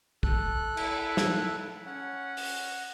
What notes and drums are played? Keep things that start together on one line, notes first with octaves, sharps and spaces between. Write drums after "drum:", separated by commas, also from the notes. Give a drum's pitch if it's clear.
A4 F#6, drum: kick
E4, drum: cymbal
drum: snare
C#4 F#5
drum: open hi-hat